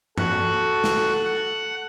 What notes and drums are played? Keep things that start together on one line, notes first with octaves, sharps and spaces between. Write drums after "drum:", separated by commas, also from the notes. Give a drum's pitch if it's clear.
F#4 A4 F#5, drum: tom
drum: snare
F#5